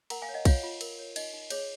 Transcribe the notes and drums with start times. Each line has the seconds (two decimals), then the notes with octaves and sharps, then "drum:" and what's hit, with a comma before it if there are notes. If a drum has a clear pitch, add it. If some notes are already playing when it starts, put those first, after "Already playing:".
0.10 A#4 F#5 A#5, drum: cymbal
0.22 F5 G#5
0.29 C#5
0.34 D#5 F#5
0.45 F4 C#5 F5, drum: kick B1, cymbal
0.63 F4
0.81 A#4, drum: cymbal
0.99 C#5
1.16 D#4 D#5, drum: cymbal
1.34 D#4
1.50 G#4 C#5, drum: cymbal